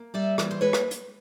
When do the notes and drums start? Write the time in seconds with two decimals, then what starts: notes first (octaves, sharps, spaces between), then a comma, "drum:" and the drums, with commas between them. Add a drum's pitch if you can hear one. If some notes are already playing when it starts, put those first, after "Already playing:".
Already playing: A#3
0.14 G3 D5 E5
0.38 E3, drum: rim click
0.51 C5
0.61 G#3 B4 C#5
0.73 drum: rim click
0.91 drum: hi-hat